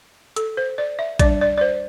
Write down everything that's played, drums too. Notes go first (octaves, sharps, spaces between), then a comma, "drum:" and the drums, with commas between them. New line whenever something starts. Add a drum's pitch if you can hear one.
A4, drum: hi-hat
C5
D5
E5
G3 D4 D5, drum: kick, hi-hat
D5
D5
C5